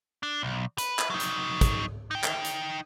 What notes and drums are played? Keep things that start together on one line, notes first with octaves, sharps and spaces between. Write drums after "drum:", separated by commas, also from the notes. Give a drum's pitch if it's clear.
D4
B1
B4, drum: hi-hat
drum: clap
F#3 D#4
drum: hi-hat
drum: kick, hi-hat
D#4 G5
drum: clap
drum: hi-hat